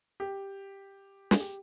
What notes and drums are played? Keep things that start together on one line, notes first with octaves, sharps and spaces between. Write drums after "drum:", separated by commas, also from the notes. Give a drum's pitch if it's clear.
G4
G#4, drum: snare
G4